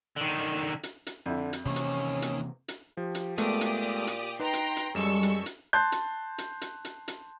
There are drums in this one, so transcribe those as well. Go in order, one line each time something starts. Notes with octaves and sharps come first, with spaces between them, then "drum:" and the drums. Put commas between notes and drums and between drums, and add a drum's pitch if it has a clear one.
D3 D#3
drum: hi-hat
drum: hi-hat
F2 D3 E4
drum: hi-hat
D#2 C3 D#3 E3 A#3 C#4
drum: hi-hat
drum: hi-hat
drum: hi-hat
F3 G4
drum: hi-hat
A#2 G#3 A3 B3 G4 D5 D#6, drum: hi-hat
drum: hi-hat
drum: hi-hat
D#4 B4 G5 A#5 C6
drum: hi-hat
drum: hi-hat
F#2 G3 G#3 A4 C#6 E6 E7
drum: hi-hat
drum: hi-hat
A5 C6 F#6 G6
drum: hi-hat
drum: hi-hat
drum: hi-hat
drum: hi-hat
drum: hi-hat